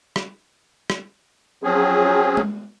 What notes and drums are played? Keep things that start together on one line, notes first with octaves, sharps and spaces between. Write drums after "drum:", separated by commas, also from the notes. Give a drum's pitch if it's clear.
drum: rim click
drum: rim click
F3 F#3 C4 C#4 G#4
drum: tom G#3